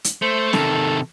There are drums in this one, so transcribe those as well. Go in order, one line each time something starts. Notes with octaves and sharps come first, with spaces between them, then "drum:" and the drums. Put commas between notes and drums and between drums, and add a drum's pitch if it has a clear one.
drum: hi-hat
A3 C5
C3 D#3 A4, drum: snare